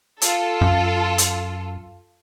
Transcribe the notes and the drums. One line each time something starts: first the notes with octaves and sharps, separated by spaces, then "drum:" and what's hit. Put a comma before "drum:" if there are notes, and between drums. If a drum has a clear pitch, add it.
F4 A4, drum: hi-hat
F#2
drum: hi-hat